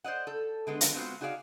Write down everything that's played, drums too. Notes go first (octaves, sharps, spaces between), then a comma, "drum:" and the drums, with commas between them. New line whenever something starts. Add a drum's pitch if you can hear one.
C5 D5 D#5 F#5
A4
D3 G#3 B3
drum: hi-hat
G#3 B3 C4 F4 F#4
D#4 F#4 G#4 D5 E5 F5